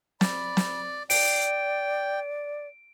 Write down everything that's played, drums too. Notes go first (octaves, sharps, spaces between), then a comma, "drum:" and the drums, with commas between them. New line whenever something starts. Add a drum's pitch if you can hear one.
D5 B5, drum: snare
drum: snare
D5 G5 D7, drum: open hi-hat